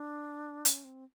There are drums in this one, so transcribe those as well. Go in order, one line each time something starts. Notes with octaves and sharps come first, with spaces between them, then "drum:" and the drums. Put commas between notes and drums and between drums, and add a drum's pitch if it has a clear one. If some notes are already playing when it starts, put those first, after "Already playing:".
Already playing: D4
C#4, drum: hi-hat
C4